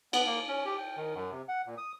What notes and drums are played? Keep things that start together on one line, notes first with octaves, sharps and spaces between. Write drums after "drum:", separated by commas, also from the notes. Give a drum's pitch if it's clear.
B3, drum: cymbal
A#3
C#4
G4
G5
D#3
F#2
C3
F#5
A#2
D#6